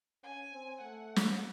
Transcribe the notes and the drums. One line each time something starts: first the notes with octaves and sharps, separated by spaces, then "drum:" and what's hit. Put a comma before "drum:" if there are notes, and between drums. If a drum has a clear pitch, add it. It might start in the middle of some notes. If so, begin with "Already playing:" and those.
C#4 G#5
C4
A3 F#5
drum: snare